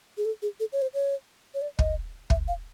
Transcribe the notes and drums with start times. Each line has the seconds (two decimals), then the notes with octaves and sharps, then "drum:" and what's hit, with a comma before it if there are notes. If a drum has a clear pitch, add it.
0.17 G#4
0.25 A4
0.42 G#4
0.60 A4
0.73 C#5
0.82 C5
0.94 C#5
1.54 C#5
1.62 D5
1.79 D#5, drum: kick
2.30 E5, drum: kick
2.48 F5